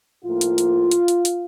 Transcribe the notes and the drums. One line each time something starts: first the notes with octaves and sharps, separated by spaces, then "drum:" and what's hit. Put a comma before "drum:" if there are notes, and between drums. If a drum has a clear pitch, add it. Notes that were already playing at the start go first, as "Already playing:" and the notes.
A2 F3 A#3 F4
drum: hi-hat
drum: hi-hat
drum: hi-hat
drum: hi-hat
drum: hi-hat